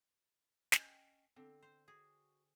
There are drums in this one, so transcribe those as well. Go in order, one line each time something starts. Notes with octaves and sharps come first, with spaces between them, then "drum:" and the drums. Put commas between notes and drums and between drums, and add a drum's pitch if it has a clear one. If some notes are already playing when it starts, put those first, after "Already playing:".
C#4 D#5 G5, drum: snare
D3 C4
C5
F#4 G#4